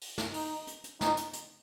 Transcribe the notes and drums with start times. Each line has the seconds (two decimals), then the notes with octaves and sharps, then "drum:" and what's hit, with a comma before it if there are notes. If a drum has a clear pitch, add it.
0.01 drum: open hi-hat
0.18 drum: snare
0.34 D#4, drum: open hi-hat
0.67 drum: hi-hat
0.84 drum: hi-hat
1.01 D#4, drum: snare
1.17 drum: hi-hat
1.33 drum: hi-hat